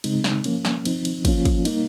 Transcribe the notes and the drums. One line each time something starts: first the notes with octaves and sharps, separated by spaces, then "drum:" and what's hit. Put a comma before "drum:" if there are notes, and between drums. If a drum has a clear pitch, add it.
C#3 G#3 C4 D#4, drum: cymbal
drum: snare
F3 A#3 C#4, drum: cymbal
drum: snare
F3 C4 D#4, drum: cymbal
drum: cymbal
F3 A#3 C#4 F4, drum: kick, cymbal
drum: kick, cymbal
G3 A#3 D#4, drum: cymbal